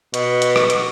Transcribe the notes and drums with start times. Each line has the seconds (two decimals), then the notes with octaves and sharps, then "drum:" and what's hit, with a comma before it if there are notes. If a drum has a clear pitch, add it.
0.14 B2, drum: hi-hat
0.42 drum: hi-hat
0.56 drum: rim click
0.70 drum: hi-hat